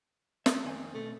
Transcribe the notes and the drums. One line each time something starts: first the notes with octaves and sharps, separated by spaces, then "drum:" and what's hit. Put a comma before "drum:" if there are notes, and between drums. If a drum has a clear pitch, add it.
E5, drum: snare
F2 D#3 G#5
B2 A3